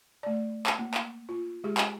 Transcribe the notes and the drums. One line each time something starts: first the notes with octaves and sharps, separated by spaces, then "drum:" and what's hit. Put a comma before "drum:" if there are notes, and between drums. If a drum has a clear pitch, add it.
A3 D5
drum: clap
A#3
drum: clap
F4
G#3 G4 G#4
drum: clap